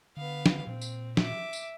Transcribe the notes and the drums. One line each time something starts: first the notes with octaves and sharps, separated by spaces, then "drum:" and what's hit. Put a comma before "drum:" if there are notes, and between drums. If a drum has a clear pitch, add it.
D3 B3 F5
drum: snare
A#2 C4
drum: tambourine
E5 D6, drum: snare
drum: tambourine